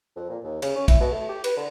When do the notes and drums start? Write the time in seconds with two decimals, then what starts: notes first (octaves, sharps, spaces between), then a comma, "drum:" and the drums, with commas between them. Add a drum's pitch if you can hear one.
0.16 F2
0.30 A#2
0.44 D#2
0.62 C#3, drum: cymbal
0.76 C#4
0.88 E4, drum: kick, cymbal
1.00 B2
1.12 A3
1.29 G4
1.44 B4, drum: cymbal
1.57 D3